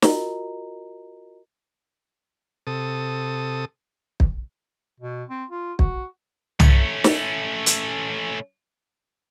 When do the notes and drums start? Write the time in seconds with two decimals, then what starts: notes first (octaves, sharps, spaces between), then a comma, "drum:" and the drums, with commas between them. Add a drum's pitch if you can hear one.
0.02 F4 F#4 A#4 D#5 A#5, drum: snare
2.67 C3 A4 D#6
4.20 drum: kick
5.00 B2
5.30 C4
5.51 F4
5.79 F#4, drum: kick
6.60 A3 C#4, drum: tom
7.04 drum: snare
7.66 drum: hi-hat